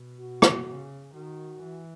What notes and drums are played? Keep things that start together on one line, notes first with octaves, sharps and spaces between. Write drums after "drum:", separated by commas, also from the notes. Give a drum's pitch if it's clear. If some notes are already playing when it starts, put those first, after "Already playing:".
Already playing: B2
F#4
drum: rim click
C#3
D#3 F#4
E3